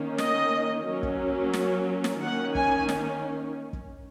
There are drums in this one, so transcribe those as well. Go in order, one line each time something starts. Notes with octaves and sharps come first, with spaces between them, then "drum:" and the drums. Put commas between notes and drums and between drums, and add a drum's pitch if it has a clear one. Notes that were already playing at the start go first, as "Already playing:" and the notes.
Already playing: D#3 A#3 C#4
D#5, drum: snare
F#3 A#3 C#4
drum: kick
drum: snare
drum: snare
D#3 A#3 C#4 F#5
G#5, drum: kick
drum: snare
drum: kick